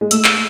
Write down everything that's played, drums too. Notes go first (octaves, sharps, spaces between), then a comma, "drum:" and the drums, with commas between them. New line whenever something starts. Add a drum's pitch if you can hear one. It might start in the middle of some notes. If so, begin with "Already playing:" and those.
G#3
A3 E6, drum: hi-hat
drum: clap